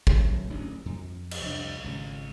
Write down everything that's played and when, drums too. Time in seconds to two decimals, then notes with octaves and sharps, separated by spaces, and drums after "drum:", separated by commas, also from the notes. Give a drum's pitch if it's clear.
0.07 F#3 A3, drum: kick
0.49 D1 A1 F2 D4
0.86 F2
1.31 drum: cymbal
1.42 C2 F2 D4
1.84 G#1 C#2